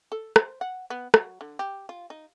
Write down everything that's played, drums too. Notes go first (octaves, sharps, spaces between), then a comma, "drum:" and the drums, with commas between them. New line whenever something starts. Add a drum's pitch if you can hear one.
A4
C5, drum: rim click
F#5
B3
F#3, drum: rim click
D3
G4
F4
D#4